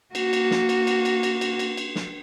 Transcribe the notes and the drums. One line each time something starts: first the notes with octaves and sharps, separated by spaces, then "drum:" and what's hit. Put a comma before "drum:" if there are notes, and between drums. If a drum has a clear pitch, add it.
A#3 F#4, drum: cymbal
drum: cymbal
drum: snare
drum: cymbal
drum: cymbal
drum: cymbal
drum: cymbal
drum: cymbal
drum: cymbal
drum: cymbal
drum: snare